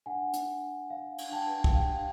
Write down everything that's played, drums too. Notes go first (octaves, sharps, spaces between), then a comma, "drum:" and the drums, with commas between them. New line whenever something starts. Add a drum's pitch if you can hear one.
D4 F#5 G#5
D4, drum: hi-hat
D4
D4 F5
D4, drum: cymbal
G5 A5
B4
drum: kick
G4 F5 G5